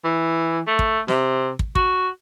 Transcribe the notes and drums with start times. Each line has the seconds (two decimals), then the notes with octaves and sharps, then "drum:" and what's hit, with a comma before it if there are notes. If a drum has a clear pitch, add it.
0.04 E3
0.67 A3
0.79 drum: kick
1.08 C3, drum: snare
1.59 drum: kick
1.75 F#4, drum: kick